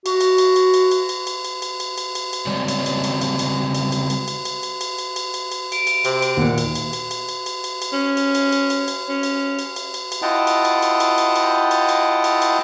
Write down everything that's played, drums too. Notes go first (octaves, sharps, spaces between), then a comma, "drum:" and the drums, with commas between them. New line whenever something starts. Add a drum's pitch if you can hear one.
F#4, drum: cymbal
drum: cymbal
drum: cymbal
drum: cymbal
drum: cymbal
drum: cymbal
drum: cymbal
drum: cymbal
drum: cymbal
drum: cymbal
drum: cymbal
drum: cymbal
drum: cymbal
drum: cymbal
C#3 G3 G#3 C4 C#5 D5
drum: cymbal
drum: cymbal
drum: cymbal
drum: cymbal
drum: cymbal
drum: cymbal
drum: cymbal
drum: cymbal
drum: cymbal
drum: cymbal
drum: cymbal
drum: cymbal
drum: cymbal
drum: cymbal
drum: cymbal
drum: cymbal
D7, drum: cymbal
drum: cymbal
C3, drum: cymbal
drum: cymbal
D#2 A#2 F#5
drum: cymbal
drum: cymbal
drum: cymbal
drum: cymbal
drum: cymbal
drum: cymbal
drum: cymbal
drum: cymbal
C#4
drum: cymbal
drum: cymbal
drum: cymbal
drum: cymbal
drum: cymbal
C#4
drum: cymbal
drum: cymbal
drum: cymbal
drum: cymbal
drum: cymbal
E4 F4 D#5 F#5 G5 A5
drum: cymbal
drum: cymbal
drum: cymbal
drum: cymbal
drum: cymbal
drum: cymbal
drum: cymbal
drum: cymbal
drum: cymbal
drum: cymbal